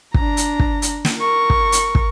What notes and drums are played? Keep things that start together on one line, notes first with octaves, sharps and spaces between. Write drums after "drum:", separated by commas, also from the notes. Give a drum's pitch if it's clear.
D4 A#5, drum: kick
drum: hi-hat
drum: kick
drum: hi-hat
drum: snare
A#4 C#6
drum: kick
drum: hi-hat
drum: kick